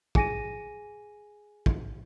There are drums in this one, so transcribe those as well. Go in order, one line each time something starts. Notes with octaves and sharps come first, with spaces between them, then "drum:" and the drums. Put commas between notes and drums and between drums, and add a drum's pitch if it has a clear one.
G#4 G#5 A#6 D#7, drum: kick
drum: kick